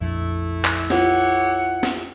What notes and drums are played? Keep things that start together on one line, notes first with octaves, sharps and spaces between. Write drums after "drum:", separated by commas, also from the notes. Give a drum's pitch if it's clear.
A#1 F2 A3 E4
drum: clap
E4 F4 G4 A4 B4 C#5 F#5, drum: snare
drum: snare